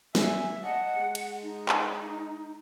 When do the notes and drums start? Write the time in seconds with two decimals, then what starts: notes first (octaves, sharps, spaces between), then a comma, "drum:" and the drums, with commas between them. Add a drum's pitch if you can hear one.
0.15 E5 G#5, drum: snare
0.63 D#5 F#5 A5
0.97 G#3
1.15 drum: cymbal
1.43 D#4
1.69 drum: clap